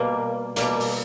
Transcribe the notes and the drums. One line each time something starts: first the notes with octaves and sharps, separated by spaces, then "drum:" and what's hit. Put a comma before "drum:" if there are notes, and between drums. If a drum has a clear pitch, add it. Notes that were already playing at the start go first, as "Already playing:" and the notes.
Already playing: B2 G3 A#3
B2 G3 A#3, drum: hi-hat
drum: open hi-hat